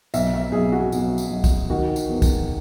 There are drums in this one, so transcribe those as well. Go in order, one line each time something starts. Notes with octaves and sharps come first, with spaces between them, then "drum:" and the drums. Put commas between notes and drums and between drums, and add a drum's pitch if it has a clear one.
B1 E5, drum: tambourine
E5
B1 G#4
F#4
B1, drum: tambourine
drum: tambourine
B1
drum: kick, tambourine
D#3 F#4
drum: tambourine
E2
drum: kick, tambourine